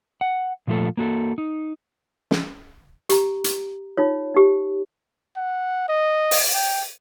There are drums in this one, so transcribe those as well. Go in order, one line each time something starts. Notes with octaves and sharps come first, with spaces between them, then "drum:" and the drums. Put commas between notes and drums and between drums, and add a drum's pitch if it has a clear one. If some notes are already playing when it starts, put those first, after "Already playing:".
F#5
A#2 F3 A3 F4 A4
A#3 F#4 A4
D#4
drum: snare
G4 A#5, drum: hi-hat
drum: hi-hat
D#4 F4 C#5
D#4 G4
F#5
D#5
drum: open hi-hat
G5